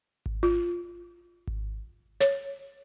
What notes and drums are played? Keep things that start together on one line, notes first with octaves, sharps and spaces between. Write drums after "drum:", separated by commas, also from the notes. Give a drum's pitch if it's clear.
drum: kick G#1
F4
drum: kick G#1
C#5, drum: snare